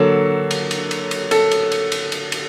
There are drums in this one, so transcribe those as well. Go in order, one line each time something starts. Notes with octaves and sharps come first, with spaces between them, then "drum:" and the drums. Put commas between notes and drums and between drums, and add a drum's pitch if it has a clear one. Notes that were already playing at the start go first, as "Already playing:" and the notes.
Already playing: D3 F#3 A#3 A4
drum: cymbal
drum: cymbal
drum: cymbal
drum: cymbal
A4, drum: cymbal
drum: cymbal
drum: cymbal
drum: cymbal
drum: cymbal
drum: cymbal